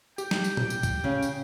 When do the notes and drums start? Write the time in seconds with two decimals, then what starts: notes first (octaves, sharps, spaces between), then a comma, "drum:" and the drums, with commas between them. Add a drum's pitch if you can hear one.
0.18 G4 G5, drum: tambourine
0.31 drum: snare
0.44 drum: tambourine
0.57 drum: tom A#2
0.70 drum: tambourine
0.83 drum: kick, tambourine
1.04 C#3
1.22 drum: tambourine